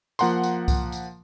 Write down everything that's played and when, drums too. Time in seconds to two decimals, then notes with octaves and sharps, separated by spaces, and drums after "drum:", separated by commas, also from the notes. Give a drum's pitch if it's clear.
0.19 F3 A#3 F#5 A#5 C6, drum: tambourine
0.43 drum: tambourine
0.68 drum: kick C2, tambourine
0.92 drum: tambourine